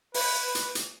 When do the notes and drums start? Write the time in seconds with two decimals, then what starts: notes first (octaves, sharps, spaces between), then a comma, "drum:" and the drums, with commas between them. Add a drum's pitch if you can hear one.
0.14 B4, drum: open hi-hat
0.55 drum: hi-hat
0.75 drum: hi-hat